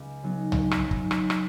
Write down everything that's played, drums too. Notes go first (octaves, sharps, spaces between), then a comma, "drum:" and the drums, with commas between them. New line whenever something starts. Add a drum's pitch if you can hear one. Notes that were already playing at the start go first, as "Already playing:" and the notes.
Already playing: C#2
C#3 F#3 B3 D#4
C#2, drum: tom C2
drum: rim click
C#3 F#3 B3 D#4
drum: kick
C#3, drum: rim click
drum: rim click